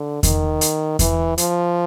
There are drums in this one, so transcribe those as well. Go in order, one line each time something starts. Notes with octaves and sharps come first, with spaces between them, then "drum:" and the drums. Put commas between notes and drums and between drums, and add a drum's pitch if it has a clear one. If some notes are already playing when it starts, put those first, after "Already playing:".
Already playing: D3
D#3, drum: kick E2, hi-hat
drum: hi-hat
E3, drum: kick E2, hi-hat
F3, drum: hi-hat